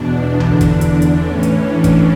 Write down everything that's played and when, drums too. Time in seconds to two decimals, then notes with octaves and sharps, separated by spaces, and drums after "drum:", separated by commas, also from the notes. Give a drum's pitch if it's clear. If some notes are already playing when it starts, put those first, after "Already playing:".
Already playing: E2 B2 D4
0.40 E2 D3 D4, drum: tom C2
0.61 drum: kick, hi-hat
0.81 drum: hi-hat
1.02 drum: hi-hat
1.22 A2 E3 C#4
1.43 drum: hi-hat
1.63 D4
1.84 drum: kick, hi-hat